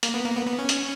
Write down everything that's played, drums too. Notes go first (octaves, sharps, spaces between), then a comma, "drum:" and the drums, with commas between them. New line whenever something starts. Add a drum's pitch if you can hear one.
A#3, drum: hi-hat
B3
A#3
B3
B3
C#4
drum: hi-hat